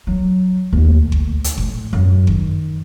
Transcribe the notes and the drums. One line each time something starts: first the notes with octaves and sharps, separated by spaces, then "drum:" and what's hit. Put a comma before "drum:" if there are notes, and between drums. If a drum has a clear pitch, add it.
F#3
D#2
D2
drum: kick G1
drum: hi-hat
A2, drum: kick G1
F#2
D#3, drum: kick G1